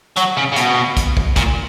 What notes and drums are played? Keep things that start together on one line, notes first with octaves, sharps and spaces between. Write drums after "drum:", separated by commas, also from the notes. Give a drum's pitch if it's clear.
F#3, drum: hi-hat
C#3
C#3
B2, drum: hi-hat
drum: kick, hi-hat
drum: kick
A#2, drum: kick, hi-hat